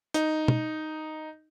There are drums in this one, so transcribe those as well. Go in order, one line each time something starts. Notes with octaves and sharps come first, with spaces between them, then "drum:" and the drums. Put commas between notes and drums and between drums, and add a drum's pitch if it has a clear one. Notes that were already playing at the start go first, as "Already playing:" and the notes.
D#4, drum: hi-hat
drum: tom